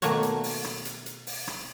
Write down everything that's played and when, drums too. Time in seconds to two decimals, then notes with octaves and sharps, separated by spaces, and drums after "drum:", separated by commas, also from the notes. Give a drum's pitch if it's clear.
0.02 B2 D#3 A3 A#3 F#4 C#5, drum: hi-hat
0.23 drum: hi-hat
0.44 drum: open hi-hat
0.64 drum: rim click
0.85 drum: hi-hat
1.06 drum: hi-hat
1.27 drum: open hi-hat
1.48 drum: rim click